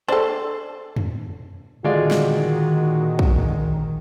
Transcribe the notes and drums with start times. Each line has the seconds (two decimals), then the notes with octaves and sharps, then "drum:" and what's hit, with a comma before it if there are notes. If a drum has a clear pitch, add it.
0.08 D4 A4 C5
0.96 drum: tom
1.84 A#2 D3 D#3 G#3 F4 F#4 D5
2.11 drum: snare
3.19 drum: kick